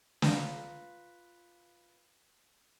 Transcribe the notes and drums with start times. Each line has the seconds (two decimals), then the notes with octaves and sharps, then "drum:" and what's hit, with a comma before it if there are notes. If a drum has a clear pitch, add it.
0.22 F4 B4 A#5, drum: snare